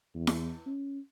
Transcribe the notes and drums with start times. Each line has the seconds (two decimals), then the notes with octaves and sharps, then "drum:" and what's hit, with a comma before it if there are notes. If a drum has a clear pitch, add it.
0.15 E2
0.27 drum: snare E4
0.66 C#4